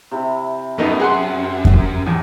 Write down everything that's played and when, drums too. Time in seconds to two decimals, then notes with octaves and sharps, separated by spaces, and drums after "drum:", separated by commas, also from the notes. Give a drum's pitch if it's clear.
0.11 C3 E4
0.78 F#2 A3 B3 D#4
1.00 G#4 F#5 C6
1.65 drum: kick F2
2.06 E2 A2